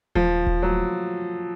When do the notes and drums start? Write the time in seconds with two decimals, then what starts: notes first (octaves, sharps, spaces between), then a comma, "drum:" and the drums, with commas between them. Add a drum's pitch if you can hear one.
0.15 F3, drum: kick D#1
0.47 drum: kick D#1
0.62 F#3